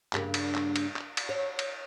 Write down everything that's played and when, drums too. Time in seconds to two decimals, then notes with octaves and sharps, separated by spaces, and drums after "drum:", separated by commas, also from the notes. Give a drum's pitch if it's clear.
0.13 G2 C#3 A#3, drum: clap
0.34 drum: cymbal
0.55 drum: clap
0.76 drum: cymbal
0.96 drum: clap
1.17 drum: cymbal
1.29 C#5
1.59 drum: cymbal